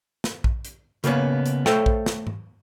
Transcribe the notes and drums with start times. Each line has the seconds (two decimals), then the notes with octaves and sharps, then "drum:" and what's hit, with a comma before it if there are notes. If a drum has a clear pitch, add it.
0.24 drum: snare
0.44 drum: kick A#1
0.65 drum: hi-hat
1.04 C#3 A#3 B3 C#4, drum: hi-hat
1.46 drum: hi-hat
1.66 A3 A4 C5 C#5 F5 G5, drum: snare
1.86 drum: kick A#1
2.06 drum: snare
2.27 drum: tom G#2